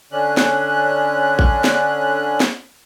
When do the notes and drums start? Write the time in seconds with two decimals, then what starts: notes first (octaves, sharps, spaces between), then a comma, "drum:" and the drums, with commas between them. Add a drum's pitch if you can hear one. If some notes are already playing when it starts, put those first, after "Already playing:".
0.12 D3 C#4 D4 F#6
0.37 drum: snare
1.39 drum: kick A#1
1.64 drum: snare
2.40 drum: snare